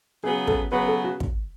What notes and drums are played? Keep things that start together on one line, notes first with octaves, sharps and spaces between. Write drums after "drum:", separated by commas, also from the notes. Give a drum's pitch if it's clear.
C#3 F#3 B3 G#4
A4, drum: kick
C#3 F#3 B3 B4
A4
F#4
drum: kick